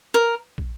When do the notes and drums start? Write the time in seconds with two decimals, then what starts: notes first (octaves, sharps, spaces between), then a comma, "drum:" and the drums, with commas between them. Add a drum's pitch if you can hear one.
0.14 A#4
0.58 drum: kick